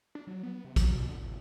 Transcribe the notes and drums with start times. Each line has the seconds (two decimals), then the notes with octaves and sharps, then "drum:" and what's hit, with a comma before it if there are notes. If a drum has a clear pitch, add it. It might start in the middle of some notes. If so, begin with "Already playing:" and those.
0.15 D4
0.27 F#3
0.43 B3
0.65 C3
0.76 F#3, drum: kick, hi-hat
0.96 B2
1.09 D3
1.23 G#1